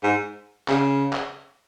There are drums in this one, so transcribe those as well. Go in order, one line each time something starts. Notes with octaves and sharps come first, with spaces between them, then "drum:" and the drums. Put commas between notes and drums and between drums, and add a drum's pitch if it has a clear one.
G#2
C#3, drum: clap
drum: clap